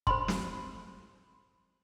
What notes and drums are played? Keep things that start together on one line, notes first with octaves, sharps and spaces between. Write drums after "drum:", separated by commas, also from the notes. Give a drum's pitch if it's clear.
C5 B5 C6, drum: kick
drum: snare